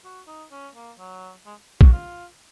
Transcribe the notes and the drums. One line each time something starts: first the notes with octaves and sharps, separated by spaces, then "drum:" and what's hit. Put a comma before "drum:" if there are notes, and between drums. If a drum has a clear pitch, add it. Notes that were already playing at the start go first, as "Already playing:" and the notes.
F#4
D#4
C#4
A#3
F#3
G#3
F#4, drum: kick A#1
F4